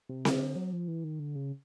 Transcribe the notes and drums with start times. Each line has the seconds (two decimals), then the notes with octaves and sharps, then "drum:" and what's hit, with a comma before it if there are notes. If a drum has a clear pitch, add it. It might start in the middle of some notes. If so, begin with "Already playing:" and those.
0.09 C3
0.25 C#3, drum: snare C4
0.40 D3
0.56 F#3
0.73 F3
0.88 E3
1.04 D#3
1.19 D3
1.35 C#3